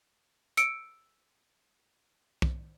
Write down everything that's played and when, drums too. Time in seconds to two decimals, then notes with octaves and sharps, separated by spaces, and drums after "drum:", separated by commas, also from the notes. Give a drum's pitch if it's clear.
0.57 E6 C#7 D7, drum: hi-hat
2.42 drum: kick